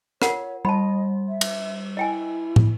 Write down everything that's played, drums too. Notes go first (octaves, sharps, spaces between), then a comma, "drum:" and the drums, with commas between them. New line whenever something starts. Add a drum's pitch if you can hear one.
F4 A#4 C#5 F#5, drum: rim click
G3 D#5 A5 B5
E5
drum: cymbal
E4 D#5 G5 G#5
drum: tom